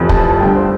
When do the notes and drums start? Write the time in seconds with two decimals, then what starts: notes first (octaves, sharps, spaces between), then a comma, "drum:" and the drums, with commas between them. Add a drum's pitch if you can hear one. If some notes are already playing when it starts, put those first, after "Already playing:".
Already playing: F1 F2 E3
0.09 A5, drum: kick
0.30 A5
0.41 G1 G2 D3 G5
0.56 C5